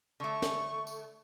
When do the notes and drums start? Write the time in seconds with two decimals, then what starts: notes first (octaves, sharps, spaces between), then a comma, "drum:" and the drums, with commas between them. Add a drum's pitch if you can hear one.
0.20 D3 A3 C#6
0.42 drum: snare
0.87 drum: tambourine